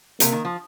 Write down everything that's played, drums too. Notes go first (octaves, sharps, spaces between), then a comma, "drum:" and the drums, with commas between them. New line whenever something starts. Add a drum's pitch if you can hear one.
C3 A#3, drum: hi-hat
D#3
F3